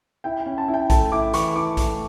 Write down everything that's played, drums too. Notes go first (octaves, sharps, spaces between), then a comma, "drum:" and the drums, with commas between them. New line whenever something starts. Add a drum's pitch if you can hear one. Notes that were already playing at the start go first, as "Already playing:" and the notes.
E4 G5
C#4 G5
A5
E4
G5
A3 A5, drum: kick A#1, hi-hat
E4 D6
E3 C#6, drum: hi-hat
E4 D6
A3, drum: kick A#1, hi-hat